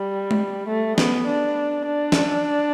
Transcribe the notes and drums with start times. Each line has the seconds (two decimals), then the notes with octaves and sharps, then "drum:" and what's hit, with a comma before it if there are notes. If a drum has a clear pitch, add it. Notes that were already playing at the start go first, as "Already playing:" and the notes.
Already playing: G3
0.31 drum: tom G#3
0.68 A3
0.98 B3, drum: snare
1.28 D4
1.87 D4
2.12 drum: snare